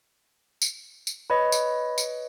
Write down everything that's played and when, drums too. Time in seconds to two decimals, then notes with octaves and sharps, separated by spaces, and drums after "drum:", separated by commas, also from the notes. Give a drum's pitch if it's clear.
0.62 drum: tambourine
1.07 drum: tambourine
1.30 B4 C#5 D#5 B5
1.52 drum: tambourine
1.98 drum: tambourine